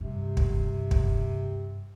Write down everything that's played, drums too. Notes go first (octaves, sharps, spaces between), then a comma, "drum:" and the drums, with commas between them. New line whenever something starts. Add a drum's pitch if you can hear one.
G2 C3
drum: kick
drum: kick